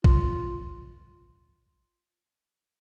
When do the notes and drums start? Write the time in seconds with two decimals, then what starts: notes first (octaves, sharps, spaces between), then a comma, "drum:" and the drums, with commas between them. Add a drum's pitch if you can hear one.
0.04 F4, drum: kick A#1